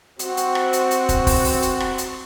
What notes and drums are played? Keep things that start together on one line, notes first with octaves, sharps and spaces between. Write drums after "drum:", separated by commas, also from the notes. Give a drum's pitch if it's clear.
C4 F#4, drum: hi-hat
drum: hi-hat
drum: rim click
drum: hi-hat
drum: hi-hat
drum: kick, hi-hat
drum: kick, open hi-hat
drum: open hi-hat
drum: hi-hat
drum: rim click
drum: hi-hat